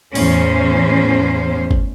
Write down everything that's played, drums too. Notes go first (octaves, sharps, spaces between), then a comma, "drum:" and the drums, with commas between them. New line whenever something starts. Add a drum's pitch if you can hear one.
E2 A2 C#4 C5, drum: open hi-hat
drum: kick